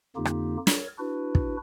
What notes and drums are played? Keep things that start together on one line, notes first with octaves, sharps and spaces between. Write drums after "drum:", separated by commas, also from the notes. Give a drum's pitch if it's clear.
F2 D3 A#3 D#4 F4 G4
drum: rim click
A#4 C#5, drum: snare
D4 E4 F#4 B4
drum: kick